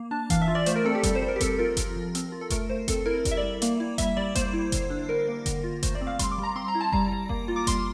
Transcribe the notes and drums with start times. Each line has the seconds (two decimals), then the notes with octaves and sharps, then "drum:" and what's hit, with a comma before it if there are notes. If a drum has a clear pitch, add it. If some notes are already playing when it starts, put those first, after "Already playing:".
Already playing: A#3
0.11 D4 A5
0.30 E3 F5, drum: kick F#1, hi-hat
0.42 E5
0.48 F4
0.55 D5
0.66 A3 C5, drum: hi-hat
0.76 A#4
0.85 C4 A4
0.95 G4
1.03 G3 A4, drum: kick F#1, hi-hat
1.15 C5
1.22 G3
1.28 A#4
1.36 G4
1.40 C4 A4, drum: kick F#1, hi-hat
1.58 F4 A#4
1.77 F3, drum: kick F#1, hi-hat
1.96 F3
2.15 C4, drum: hi-hat
2.32 F4
2.41 A4
2.50 A3 A#4, drum: kick F#1, hi-hat
2.69 A3 C5
2.88 C4 A4, drum: kick F#1, hi-hat
3.06 E4 A#4
3.25 G3, drum: kick F#1, hi-hat
3.31 E5
3.37 D5
3.43 G3
3.62 A#3, drum: hi-hat
3.80 E4
3.98 G3 E5, drum: kick F#1, hi-hat
4.17 G3 D5
4.35 A#3 C5, drum: kick F#1, hi-hat
4.53 E4
4.72 D3, drum: kick F#1, hi-hat
4.90 D4
5.09 G3 A#4
5.27 A#3
5.46 D3, drum: kick F#1, hi-hat
5.64 F4
5.83 A3 C5, drum: kick F#1, hi-hat
5.95 D5
6.01 C4
6.07 F5
6.19 G3 C6, drum: kick F#1, hi-hat
6.32 D6
6.38 G3
6.43 A#5
6.56 C4 C6
6.68 A#5
6.75 E4
6.81 A5
6.92 G3 A#5, drum: kick F#1
7.12 G3
7.29 A#3, drum: kick F#1
7.48 F4
7.56 D6
7.67 G3 C6, drum: kick F#1, hi-hat